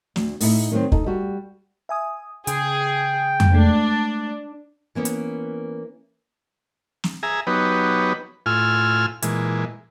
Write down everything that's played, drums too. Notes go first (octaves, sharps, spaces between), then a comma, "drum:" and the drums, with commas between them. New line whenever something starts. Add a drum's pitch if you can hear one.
D2, drum: snare
A2 D#4 E4, drum: open hi-hat
D#3 F#3 C4
D#4 A4, drum: kick
G3 F#4
E5 G#5 D#6
C#3 G#4 G5, drum: hi-hat
drum: tom F2
G#3 A3 D4
E3 A#3 B3 C#4
drum: hi-hat
drum: snare
G#4 E5 G#5 A#5
F#3 B3 D#4 G4 B4 C#5
A2 F4 G#5 E6 F6
A#2 E3 G#3, drum: hi-hat